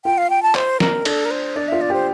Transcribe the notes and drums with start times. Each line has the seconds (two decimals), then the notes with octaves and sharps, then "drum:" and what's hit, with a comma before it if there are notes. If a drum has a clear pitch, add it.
0.05 F4 G5
0.18 F5
0.30 G5
0.43 A5
0.55 C5, drum: clap
0.80 A#4, drum: snare
1.05 D4 A4, drum: cymbal
1.25 A#4
1.31 C5
1.56 D4 D5
1.68 F4 E5
1.81 D5
1.90 G4 C5